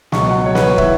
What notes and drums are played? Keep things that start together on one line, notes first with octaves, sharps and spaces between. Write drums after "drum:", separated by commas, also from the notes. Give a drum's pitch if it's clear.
C#2 B2 F#3 C#6, drum: snare
F#5
C#5
B4, drum: snare
C#5
E3 E5, drum: kick